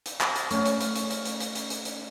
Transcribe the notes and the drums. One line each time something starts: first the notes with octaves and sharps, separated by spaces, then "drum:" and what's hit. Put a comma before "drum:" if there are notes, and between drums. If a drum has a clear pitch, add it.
drum: hi-hat
drum: clap
drum: hi-hat
A3 C#4, drum: hi-hat
drum: hi-hat
drum: hi-hat
drum: hi-hat
drum: hi-hat
drum: hi-hat
drum: hi-hat
drum: hi-hat
drum: hi-hat
drum: hi-hat